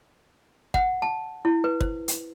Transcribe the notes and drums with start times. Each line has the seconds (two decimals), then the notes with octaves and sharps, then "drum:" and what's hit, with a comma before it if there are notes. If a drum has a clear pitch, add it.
0.74 F#5, drum: kick
1.02 A5
1.45 E4
1.64 B4
1.81 C5, drum: kick
2.08 drum: hi-hat